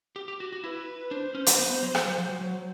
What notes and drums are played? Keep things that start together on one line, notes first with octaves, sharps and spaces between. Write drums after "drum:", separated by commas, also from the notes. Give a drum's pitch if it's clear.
G4
G4
F#4
F#4
E4 B4
D4 C5
C#4
drum: hi-hat
B3
B3
F#3
F3, drum: rim click
F#3
F3
F#3
F#3